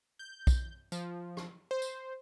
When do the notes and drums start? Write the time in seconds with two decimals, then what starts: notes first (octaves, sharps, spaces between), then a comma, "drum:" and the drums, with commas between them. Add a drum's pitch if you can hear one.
0.19 G6
0.47 drum: kick, tambourine
0.92 F3, drum: tambourine
1.37 drum: rim click
1.71 C5
1.82 drum: tambourine